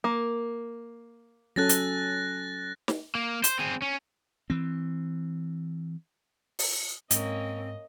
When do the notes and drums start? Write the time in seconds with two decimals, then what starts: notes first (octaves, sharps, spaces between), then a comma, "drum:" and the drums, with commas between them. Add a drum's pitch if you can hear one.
0.04 A#3
1.56 F#3 C#4 A4 F#6 A6 A#6
1.69 drum: hi-hat
2.88 drum: snare
3.15 A#3
3.44 C5, drum: hi-hat
3.59 C4 G#4
3.82 C#4
4.50 E3 C4
6.59 drum: open hi-hat
7.11 G#2 A#3 C4 C#4 D#5, drum: hi-hat